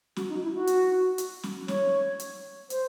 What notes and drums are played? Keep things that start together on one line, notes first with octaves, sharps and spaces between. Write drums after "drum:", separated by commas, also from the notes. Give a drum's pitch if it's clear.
F#4, drum: snare
D#4
E4
F#4
drum: hi-hat
drum: hi-hat
drum: snare
C#5, drum: snare
drum: hi-hat
C5, drum: hi-hat